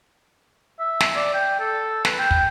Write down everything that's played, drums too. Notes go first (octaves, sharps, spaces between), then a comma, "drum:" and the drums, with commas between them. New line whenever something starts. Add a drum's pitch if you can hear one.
E5
drum: snare
D5
G5
A4
B4, drum: snare
G5
drum: kick